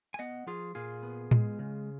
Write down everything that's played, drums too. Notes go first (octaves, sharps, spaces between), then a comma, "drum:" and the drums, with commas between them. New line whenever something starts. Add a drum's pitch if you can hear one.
G#5
B3 D#5 F#5
F3 F4 G#4
A#2 F4 G#4
B3
G#3, drum: tom A2
C#3